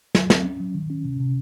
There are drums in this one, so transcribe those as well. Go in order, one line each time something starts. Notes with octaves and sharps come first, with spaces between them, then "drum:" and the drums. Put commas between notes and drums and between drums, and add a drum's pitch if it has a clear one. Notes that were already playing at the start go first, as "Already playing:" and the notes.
F#3, drum: snare
C4, drum: snare
C#4
F#3
D#3
C#4
C3
C3